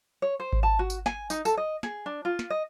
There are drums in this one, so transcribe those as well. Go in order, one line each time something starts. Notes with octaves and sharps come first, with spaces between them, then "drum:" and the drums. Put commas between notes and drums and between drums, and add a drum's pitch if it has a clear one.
C#5
C5
drum: kick G#1
A5
F#4
drum: tambourine
G#5, drum: snare
D#4, drum: tambourine
A4, drum: tambourine
D#5
G#4, drum: snare
D4
F4
drum: snare
D#5